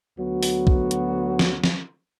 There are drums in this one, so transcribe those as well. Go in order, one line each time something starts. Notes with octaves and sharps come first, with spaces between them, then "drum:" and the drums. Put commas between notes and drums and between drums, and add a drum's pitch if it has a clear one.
D2 F#3 B3 F#4
drum: open hi-hat
drum: kick
drum: hi-hat
drum: snare
drum: snare